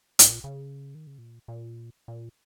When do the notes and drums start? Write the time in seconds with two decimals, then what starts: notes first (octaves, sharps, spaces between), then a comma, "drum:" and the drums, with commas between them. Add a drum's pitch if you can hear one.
0.19 G#2, drum: hi-hat
0.29 A#2
0.44 C#3
0.95 D#3
1.07 C#3
1.18 A#2
1.48 A#2
2.08 A#2